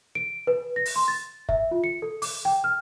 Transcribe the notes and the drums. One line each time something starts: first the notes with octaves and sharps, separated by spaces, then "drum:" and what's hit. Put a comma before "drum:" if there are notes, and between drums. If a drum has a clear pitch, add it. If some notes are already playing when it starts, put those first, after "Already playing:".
D7
B4
A#6
drum: open hi-hat
C6
A6
E5, drum: kick
F4
C#7
A4
D6, drum: open hi-hat
G5
F6